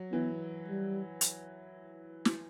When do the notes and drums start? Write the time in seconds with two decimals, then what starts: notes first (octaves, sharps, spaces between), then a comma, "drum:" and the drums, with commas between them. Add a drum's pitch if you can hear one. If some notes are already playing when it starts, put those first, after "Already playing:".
Already playing: F#3
0.12 E3 B3
0.68 G3
1.21 drum: hi-hat
2.25 drum: snare